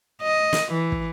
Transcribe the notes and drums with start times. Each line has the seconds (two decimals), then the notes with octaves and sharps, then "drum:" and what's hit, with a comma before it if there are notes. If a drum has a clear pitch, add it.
0.22 D#5
0.53 drum: snare
0.72 E3
0.92 drum: kick